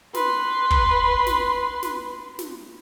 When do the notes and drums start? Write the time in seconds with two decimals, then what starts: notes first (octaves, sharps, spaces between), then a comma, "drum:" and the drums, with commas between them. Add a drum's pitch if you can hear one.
0.14 B4 C6, drum: snare
0.71 drum: kick
1.27 drum: snare
1.83 drum: snare
2.39 drum: snare